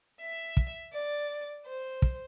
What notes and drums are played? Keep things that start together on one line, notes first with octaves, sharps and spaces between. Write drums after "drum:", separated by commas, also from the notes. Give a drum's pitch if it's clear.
E5
drum: kick
D5
C5
drum: kick